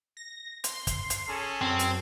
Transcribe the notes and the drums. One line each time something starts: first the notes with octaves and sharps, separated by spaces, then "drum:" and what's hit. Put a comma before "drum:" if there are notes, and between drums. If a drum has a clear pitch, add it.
A#6
C6, drum: hi-hat
drum: kick, hi-hat
drum: hi-hat
C#4 G#4 A4
F#2 C4
drum: hi-hat